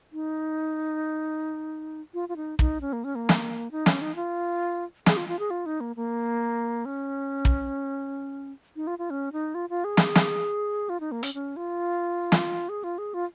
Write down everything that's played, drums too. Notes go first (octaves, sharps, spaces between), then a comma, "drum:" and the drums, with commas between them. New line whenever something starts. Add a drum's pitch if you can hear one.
D#4
F4
F4
D#4
D#4, drum: kick
C#4
A#3
C#4
A#3
drum: snare
D#4
C#4, drum: snare
D#4
F4
G#4, drum: snare
F4
F4
G#4
F4
D#4
A#3
A#3
C#4
drum: kick
D#4
F4
F4
C#4
D#4
F4
F4
G#4
drum: snare
drum: snare
F4
D#4
A#3
C#4, drum: hi-hat
C#4
F4
drum: snare
G#4
F4
G#4
F4